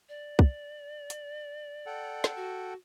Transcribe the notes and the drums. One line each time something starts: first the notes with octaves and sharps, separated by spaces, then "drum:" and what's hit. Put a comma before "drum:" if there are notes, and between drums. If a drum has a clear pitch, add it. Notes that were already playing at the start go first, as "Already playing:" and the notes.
D5
drum: kick
drum: hi-hat
A4 F#5 G5
drum: snare
F#4